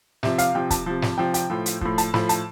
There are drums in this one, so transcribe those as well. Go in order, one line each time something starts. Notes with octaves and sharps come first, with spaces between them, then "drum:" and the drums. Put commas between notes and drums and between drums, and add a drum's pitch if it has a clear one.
C3 F3 E5, drum: snare
F5, drum: hi-hat
C3 F3 G5
A5, drum: kick, hi-hat
C3 F3
drum: snare
C3 F3 G5
G5, drum: hi-hat
A2 F3
drum: hi-hat
A2 F3, drum: kick
A5, drum: hi-hat
A2 F3 B5, drum: snare
A5, drum: hi-hat